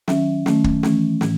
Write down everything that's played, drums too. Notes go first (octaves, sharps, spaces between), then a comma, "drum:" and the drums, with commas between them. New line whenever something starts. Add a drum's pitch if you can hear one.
D#3 F#3 C#4 E5, drum: snare
D#3 A3 C#4, drum: snare
drum: kick
E3 A3 C#4, drum: snare
A2 E3, drum: snare